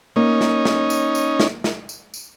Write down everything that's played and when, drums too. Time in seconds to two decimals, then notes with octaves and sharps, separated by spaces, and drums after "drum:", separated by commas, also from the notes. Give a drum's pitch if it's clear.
0.16 A#3 C#4 D#4
0.41 drum: snare
0.65 drum: snare
0.90 drum: tambourine
1.15 drum: tambourine
1.40 drum: snare
1.64 drum: snare
1.89 drum: tambourine
2.14 drum: tambourine